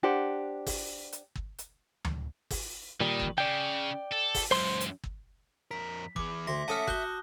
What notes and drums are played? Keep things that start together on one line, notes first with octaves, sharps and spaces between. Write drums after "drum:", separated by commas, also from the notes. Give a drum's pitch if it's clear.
D4 G4 C5 F#5
drum: kick G1, open hi-hat
drum: hi-hat
drum: kick G1
drum: hi-hat
drum: tom D2
drum: kick G1, open hi-hat
A#2 D#3 G3
drum: kick G1
C#3 D5 G5
A4
drum: kick G1, open hi-hat
C#2 F#2 C5 C6
drum: hi-hat
drum: kick G1
F2 A#4 B6
E3 G#4 D6, drum: kick G1
D2 E5 C6 A#6
A3 C#4 F#5 A5 D#6 F6
F#4 F#6 G6 G7, drum: kick G1